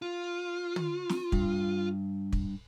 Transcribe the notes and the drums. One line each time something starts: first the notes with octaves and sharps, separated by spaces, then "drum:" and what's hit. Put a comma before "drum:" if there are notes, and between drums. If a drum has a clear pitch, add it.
F4
drum: tom
drum: snare
G2, drum: kick
drum: kick